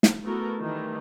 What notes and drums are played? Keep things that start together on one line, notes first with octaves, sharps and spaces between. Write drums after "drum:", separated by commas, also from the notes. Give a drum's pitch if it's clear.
drum: snare
A3 B3 E4 F#4 A4 A#4
D#3 E3 G3 A3